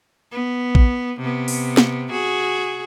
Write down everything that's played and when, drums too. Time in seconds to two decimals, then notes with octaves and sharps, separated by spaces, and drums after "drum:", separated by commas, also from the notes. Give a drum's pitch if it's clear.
0.32 B3
0.75 drum: kick
1.20 C3 B3
1.48 drum: open hi-hat
1.77 drum: snare
2.11 F#4 G#4